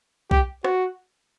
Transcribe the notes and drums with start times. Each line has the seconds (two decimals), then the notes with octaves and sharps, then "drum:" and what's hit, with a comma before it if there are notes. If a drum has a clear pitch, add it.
0.31 G4, drum: kick B1
0.64 F#4, drum: rim click